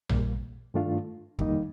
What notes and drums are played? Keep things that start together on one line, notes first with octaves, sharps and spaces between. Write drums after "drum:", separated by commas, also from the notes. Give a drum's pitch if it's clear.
A#2 G3 A#3, drum: tom A#1
G2 D#3 A3 D4 F4
F2 D#3 G3 A#3 D#4, drum: kick